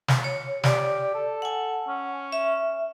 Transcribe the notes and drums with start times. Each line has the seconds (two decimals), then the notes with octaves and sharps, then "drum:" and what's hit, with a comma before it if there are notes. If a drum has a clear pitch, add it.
0.08 drum: snare
0.24 C#5
0.64 G4 D5, drum: snare
1.14 A4
1.42 F#5 G#5
1.88 C#4
2.32 E5